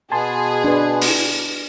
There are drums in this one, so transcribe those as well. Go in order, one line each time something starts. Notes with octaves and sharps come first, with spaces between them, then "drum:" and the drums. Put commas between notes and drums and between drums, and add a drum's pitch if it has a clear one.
B2 B3 G#4 G#5 A5 C6
D4 B4
drum: open hi-hat